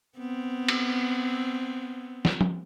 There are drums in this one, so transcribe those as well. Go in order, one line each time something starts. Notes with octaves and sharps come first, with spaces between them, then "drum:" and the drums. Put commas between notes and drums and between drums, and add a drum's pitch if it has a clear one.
B3 C4
drum: cymbal
drum: snare
drum: tom F3